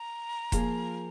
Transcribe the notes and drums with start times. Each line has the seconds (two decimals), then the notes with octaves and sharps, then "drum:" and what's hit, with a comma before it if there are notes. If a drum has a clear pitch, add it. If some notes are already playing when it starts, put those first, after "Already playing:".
Already playing: A#5
0.52 F3 A#3 F4 G#4, drum: kick E1, hi-hat